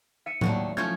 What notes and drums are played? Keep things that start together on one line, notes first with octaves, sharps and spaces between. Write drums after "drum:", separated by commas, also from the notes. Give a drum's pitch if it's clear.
E5 C#7 D#7
D#2 D3 F#3 A3, drum: tom A2
F3 A3 C#4 G6 G#6